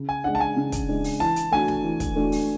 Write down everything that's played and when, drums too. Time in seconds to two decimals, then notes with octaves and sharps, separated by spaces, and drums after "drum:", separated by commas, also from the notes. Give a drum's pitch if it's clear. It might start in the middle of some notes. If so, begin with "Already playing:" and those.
Already playing: C#3
0.09 G#5
0.24 G#3 D4 F#5
0.35 A5
0.40 G#5
0.56 C#3
0.72 drum: kick, hi-hat
0.88 G#3 D4
1.04 drum: open hi-hat
1.20 E3 A5
1.36 drum: hi-hat
1.52 A3 D4 F#4 G#5
1.68 drum: snare
1.84 E3
2.00 drum: kick, hi-hat
2.15 A3 D4 F#4
2.32 drum: open hi-hat